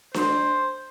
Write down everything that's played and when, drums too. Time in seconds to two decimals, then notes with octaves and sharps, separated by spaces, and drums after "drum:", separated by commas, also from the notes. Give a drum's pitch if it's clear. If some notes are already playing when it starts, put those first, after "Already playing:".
0.14 C5, drum: snare D4